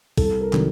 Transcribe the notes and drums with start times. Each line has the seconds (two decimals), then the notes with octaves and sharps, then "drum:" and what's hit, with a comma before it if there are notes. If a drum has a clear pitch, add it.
0.18 C2 A4, drum: kick, open hi-hat
0.41 A#4
0.53 C3 D#3 F#3, drum: clap